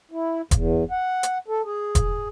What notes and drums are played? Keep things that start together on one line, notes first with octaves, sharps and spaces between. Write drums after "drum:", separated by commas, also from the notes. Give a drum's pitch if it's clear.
E4
E2, drum: kick E1, hi-hat
F#5
drum: hi-hat
A4
G#4
drum: kick E1, hi-hat